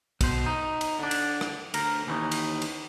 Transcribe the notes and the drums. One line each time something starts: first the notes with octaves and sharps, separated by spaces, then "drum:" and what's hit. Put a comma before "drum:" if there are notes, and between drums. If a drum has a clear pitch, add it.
B2 C5, drum: kick, cymbal
D#4
drum: cymbal
D3 D4
drum: cymbal
drum: rim click
D2 A#4, drum: cymbal
D#2 E3 A3 C4 C#4 D#4
drum: cymbal
drum: cymbal